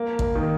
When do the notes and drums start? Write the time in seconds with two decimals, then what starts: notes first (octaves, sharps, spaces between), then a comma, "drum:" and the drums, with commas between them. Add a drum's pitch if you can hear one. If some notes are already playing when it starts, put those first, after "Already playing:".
Already playing: A#3
0.19 drum: kick
0.35 D#3